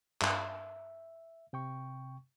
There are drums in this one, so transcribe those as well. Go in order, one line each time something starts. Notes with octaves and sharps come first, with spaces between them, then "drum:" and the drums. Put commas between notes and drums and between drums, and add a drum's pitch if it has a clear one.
G2 E5 F5, drum: clap
C3 G5 C#6